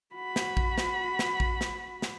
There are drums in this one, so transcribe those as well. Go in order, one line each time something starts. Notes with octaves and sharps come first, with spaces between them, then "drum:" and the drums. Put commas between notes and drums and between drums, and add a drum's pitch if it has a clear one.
F#4 B5
drum: snare
drum: kick A#1
drum: snare
drum: snare
drum: kick A#1
drum: snare
drum: snare